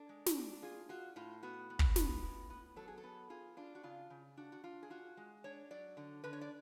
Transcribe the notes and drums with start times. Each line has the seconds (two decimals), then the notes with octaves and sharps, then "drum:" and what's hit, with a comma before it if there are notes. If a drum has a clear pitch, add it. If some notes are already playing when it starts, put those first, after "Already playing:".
Already playing: D4 A4
0.09 G#3
0.26 drum: snare
0.36 D4
0.62 F4 G#4
0.89 F4 F#4
1.16 A2 F4
1.43 B3 F#4
1.70 B3
1.79 drum: kick
1.96 B3, drum: snare
2.23 A2
2.50 B3
2.76 F#3 A4
2.88 G#4
2.98 A4
3.03 B3
3.30 F4 G#4
3.57 D4 F4
3.75 F#4
3.83 C#3 F4
4.10 C#3
4.37 D4 F#4
4.52 F#4
4.64 D4 F4
4.83 G#4
4.90 F4 F#4
5.17 G#3
5.44 D4 C#5
5.71 F#3 D5
5.97 D3
6.24 D3 B4
6.33 C#5
6.41 D5